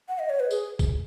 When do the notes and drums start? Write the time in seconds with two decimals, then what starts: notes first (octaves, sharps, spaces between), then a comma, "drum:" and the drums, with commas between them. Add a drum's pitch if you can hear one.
0.08 F#5
0.19 D#5
0.30 C#5
0.40 B4
0.51 G#4, drum: tambourine
0.79 drum: kick, tambourine